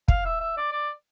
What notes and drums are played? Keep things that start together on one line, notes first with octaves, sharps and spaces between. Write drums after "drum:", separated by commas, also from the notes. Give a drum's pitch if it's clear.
F5, drum: kick
E5
E5
D5
D5